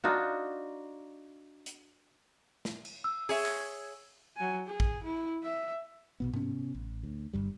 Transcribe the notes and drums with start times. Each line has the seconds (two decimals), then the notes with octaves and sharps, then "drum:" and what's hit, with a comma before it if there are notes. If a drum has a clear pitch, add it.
0.04 D4 D#4 F4 F#4
1.66 drum: hi-hat
2.65 drum: snare
2.85 drum: cymbal
3.04 E6
3.29 G#4 C#5 E5, drum: open hi-hat
3.46 drum: clap
4.37 F#3 G#5
4.67 G#4
4.80 drum: kick
5.04 E4
5.43 E5
6.20 B1 B2 B3
6.34 C3 B3 C#4, drum: tom G#2
6.74 A1
7.03 D2
7.33 G1 G2 G3